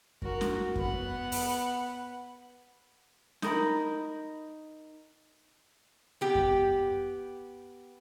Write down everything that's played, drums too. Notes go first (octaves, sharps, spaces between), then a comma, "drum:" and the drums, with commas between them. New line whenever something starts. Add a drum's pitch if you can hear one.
F#4 A#4, drum: kick F#2
drum: snare
B3 F#5, drum: kick F#2
drum: open hi-hat
D#4 A#4 B5, drum: snare
B3 G4
drum: kick F#2